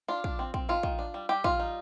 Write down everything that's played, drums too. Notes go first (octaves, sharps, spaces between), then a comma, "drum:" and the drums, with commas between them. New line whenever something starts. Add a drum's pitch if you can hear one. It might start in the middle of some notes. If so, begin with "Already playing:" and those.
D4 F4
D4, drum: kick
C4
C4, drum: kick
D#3 F4
D#3, drum: kick
D4
G3
G3 G4
G3 F4, drum: kick
D#4